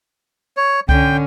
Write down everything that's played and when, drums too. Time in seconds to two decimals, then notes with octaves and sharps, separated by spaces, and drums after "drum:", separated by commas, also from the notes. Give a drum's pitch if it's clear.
0.57 C#5
0.89 D3 C#4 G5, drum: kick C2